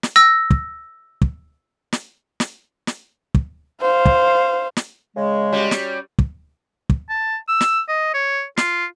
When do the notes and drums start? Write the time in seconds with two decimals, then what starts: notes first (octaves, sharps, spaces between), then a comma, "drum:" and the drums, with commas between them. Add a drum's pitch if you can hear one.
0.03 drum: snare
0.16 E6 A#6
0.51 drum: kick
1.22 drum: kick
1.93 drum: snare
2.40 drum: snare
2.87 drum: snare
3.35 drum: kick
3.82 C5 F5
4.06 drum: kick
4.77 drum: snare
5.16 C#3 G#3
5.52 G3 C#4 F#4
5.71 drum: snare
6.19 drum: kick
6.90 drum: kick
7.10 A5
7.48 E6
7.61 drum: snare
7.89 D#5
8.14 C#5
8.57 F4, drum: snare